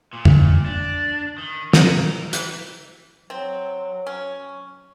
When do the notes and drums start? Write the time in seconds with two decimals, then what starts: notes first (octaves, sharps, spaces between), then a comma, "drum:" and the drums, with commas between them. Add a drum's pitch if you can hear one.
0.13 A#2
0.25 drum: tom
0.66 D4
1.38 D#3
1.73 A#4, drum: snare
2.33 E3, drum: hi-hat
3.30 F#3 C4
4.07 C#4